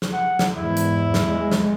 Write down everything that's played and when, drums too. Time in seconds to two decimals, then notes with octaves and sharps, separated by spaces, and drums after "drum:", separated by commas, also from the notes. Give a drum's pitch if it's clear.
0.02 drum: snare
0.13 F#5
0.39 drum: snare
0.58 E2 G#2 E4
0.77 drum: hi-hat
1.14 drum: snare
1.26 G#3
1.51 drum: snare